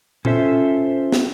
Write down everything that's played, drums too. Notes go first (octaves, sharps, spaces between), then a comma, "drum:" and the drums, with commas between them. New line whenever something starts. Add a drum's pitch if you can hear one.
C#4 F4 A4 C5 E5, drum: tom A#2
drum: snare